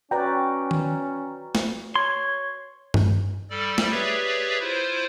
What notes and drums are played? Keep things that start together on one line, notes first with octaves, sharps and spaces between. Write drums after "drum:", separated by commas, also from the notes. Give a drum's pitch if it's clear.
C#4 F#4 B4 D5 G5 A#5
drum: tom D#3
drum: snare
C#5 C6 G#6
drum: tom G2
G3 A4 D5
drum: snare
G4 G#4 B4 C#5 D5 E5
E4 F4 C5